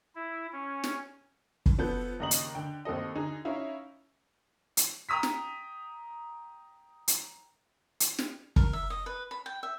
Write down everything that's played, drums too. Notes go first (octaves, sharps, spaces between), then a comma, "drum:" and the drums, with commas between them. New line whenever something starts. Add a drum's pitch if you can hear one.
E4
C#4
drum: snare
drum: kick F#1
F3 B3 A4 G6
D#2 C#3 D#5 A#5 F#7
drum: hi-hat
D3 G5
D#2 C4 A4 D#5
D3 D#4 G#4
C#4 D#4 E4 F5
drum: hi-hat
G5 A#5 D#6 E6 B6
drum: snare
drum: hi-hat
drum: hi-hat
drum: snare
A#4, drum: kick F#1
E5
D#5
B4
B5
G5
E5